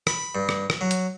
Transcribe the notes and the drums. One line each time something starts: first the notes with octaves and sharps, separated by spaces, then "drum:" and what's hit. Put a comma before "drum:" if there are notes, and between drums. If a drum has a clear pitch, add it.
B5, drum: rim click
G2
drum: rim click
drum: rim click
F#3
drum: hi-hat